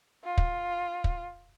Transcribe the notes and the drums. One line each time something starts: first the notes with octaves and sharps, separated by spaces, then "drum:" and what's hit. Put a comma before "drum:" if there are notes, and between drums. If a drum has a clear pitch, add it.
F4
drum: kick
drum: kick